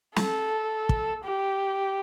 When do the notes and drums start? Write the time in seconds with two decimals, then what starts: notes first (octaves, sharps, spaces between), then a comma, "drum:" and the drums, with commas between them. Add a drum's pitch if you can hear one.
0.16 A4, drum: snare
0.89 drum: kick
1.24 G4